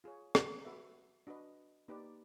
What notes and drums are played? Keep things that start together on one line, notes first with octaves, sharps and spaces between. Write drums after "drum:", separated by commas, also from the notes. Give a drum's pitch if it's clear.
F4 G#4 C#5
drum: rim click
F#4 B4 E5
D4 F#4 B4 D#5
A#3 D#4 G4 B4 D5